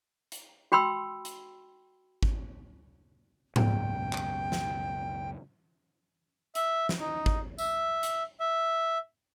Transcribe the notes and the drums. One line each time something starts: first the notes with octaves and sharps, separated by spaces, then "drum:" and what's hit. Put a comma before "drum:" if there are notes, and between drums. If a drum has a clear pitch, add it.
drum: hi-hat
F#4 G5 B5 C6 E6
drum: hi-hat
drum: kick G#1
C#2 F#2 B2 G5, drum: tom G#2
drum: clap
drum: snare
E5, drum: hi-hat
drum: snare
D#4
drum: kick G#1
E5, drum: tambourine
drum: hi-hat
E5